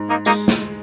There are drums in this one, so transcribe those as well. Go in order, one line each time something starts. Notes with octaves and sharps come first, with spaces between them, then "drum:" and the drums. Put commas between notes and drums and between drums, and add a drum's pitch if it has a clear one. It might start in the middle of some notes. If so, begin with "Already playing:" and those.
Already playing: G#2
A#3 D#4
G#3 A#3 D#4, drum: tambourine
drum: snare